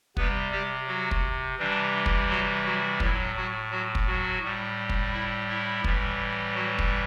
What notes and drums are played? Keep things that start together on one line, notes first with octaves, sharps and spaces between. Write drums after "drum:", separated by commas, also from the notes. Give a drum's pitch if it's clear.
C3 G3 B3 B4, drum: kick
G3 G4
F#3 F#4
drum: kick
C3 E3 G3 D4
drum: kick
F#3 F#4
F#3 F#4
A2 F#3 E4, drum: kick
F#3 F#4
F#3 F#4
drum: kick
F#3 F#4
A2 G3
drum: kick
E4
E4
A2 E3 G3, drum: kick
F#3 F#4
drum: kick